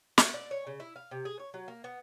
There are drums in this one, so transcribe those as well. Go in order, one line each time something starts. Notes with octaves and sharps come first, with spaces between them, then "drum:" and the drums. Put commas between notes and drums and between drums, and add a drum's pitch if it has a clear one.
A3, drum: snare
D5
C#5
C#3
E4
F5
C3
G#4
C#5
F#3
A#3
B3